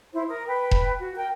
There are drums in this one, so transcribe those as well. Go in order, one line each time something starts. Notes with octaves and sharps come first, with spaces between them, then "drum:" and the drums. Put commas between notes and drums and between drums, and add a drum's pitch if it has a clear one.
E4 C5
A#4 D#6
B4 G5
drum: kick E1
F#4
A#4 G5